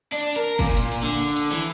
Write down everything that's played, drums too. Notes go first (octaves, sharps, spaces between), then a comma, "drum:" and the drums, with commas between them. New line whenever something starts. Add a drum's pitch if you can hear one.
D4
A#4
A#2, drum: kick F#1, hi-hat
drum: hi-hat
drum: hi-hat
D3
drum: open hi-hat
drum: hi-hat
E3, drum: hi-hat